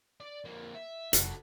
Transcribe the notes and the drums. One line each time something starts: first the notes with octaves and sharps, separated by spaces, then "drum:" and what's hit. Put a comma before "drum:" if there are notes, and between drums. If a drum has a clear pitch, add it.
D5
F2 A#3
E5
F1 F#3 F#4 A4, drum: hi-hat